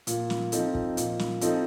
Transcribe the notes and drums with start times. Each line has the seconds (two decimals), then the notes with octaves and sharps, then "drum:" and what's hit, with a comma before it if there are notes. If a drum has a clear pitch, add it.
0.07 A#2, drum: hi-hat
0.30 drum: snare
0.52 F3 C4 D#4 A4, drum: hi-hat
0.75 drum: kick
0.97 A#2, drum: hi-hat
1.19 drum: snare
1.41 F3 C4 D#4 A4, drum: hi-hat